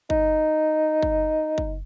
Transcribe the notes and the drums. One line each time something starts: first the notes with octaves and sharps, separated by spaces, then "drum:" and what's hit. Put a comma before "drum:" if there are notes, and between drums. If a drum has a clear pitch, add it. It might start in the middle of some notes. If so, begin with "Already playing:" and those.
D#4, drum: kick
drum: kick
drum: kick